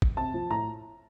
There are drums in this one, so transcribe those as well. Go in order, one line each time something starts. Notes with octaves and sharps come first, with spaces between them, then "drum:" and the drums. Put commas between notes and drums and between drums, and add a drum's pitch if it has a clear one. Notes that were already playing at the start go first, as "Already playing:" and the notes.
drum: kick
C3 A5
F3
A2 A#5